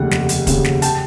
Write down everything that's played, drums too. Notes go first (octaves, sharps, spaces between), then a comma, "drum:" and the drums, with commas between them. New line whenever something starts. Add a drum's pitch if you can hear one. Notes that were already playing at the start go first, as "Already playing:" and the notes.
Already playing: F1 D#2 C#3 F#5
F1, drum: snare
drum: hi-hat
D#2 C#3, drum: kick, hi-hat
drum: snare
G5 A5, drum: hi-hat